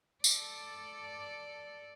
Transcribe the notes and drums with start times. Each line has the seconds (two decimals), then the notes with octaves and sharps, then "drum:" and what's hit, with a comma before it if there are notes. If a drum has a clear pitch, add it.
0.24 A4 D5, drum: tambourine